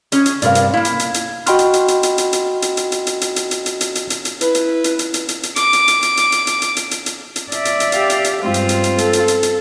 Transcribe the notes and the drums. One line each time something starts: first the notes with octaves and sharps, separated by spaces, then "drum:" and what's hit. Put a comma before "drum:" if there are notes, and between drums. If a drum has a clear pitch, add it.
C#4 G#4, drum: hi-hat
drum: hi-hat
G2 C3 A#4 D5 F5, drum: hi-hat
drum: hi-hat
A#3 E4 F5
drum: hi-hat
drum: hi-hat
drum: hi-hat
F#4 D#5 G5 B5 C6 F6, drum: hi-hat
drum: hi-hat
drum: hi-hat
drum: hi-hat
drum: hi-hat
drum: hi-hat
drum: hi-hat
drum: hi-hat
drum: hi-hat
drum: hi-hat
drum: hi-hat
drum: hi-hat
drum: hi-hat
drum: hi-hat
drum: hi-hat
drum: hi-hat
drum: hi-hat
drum: hi-hat
drum: hi-hat
E4 B4, drum: hi-hat
drum: hi-hat
drum: hi-hat
drum: hi-hat
drum: hi-hat
drum: hi-hat
drum: hi-hat
D6, drum: hi-hat
drum: hi-hat
drum: hi-hat
drum: hi-hat
drum: hi-hat
drum: hi-hat
drum: hi-hat
drum: hi-hat
drum: hi-hat
drum: hi-hat
drum: hi-hat
drum: hi-hat
D5 E5, drum: hi-hat
drum: hi-hat
drum: hi-hat
G4 F5, drum: hi-hat
drum: hi-hat
drum: hi-hat
G2 G#3 C4 F4
drum: hi-hat
drum: hi-hat
drum: hi-hat
A4, drum: hi-hat
drum: hi-hat
drum: hi-hat
drum: hi-hat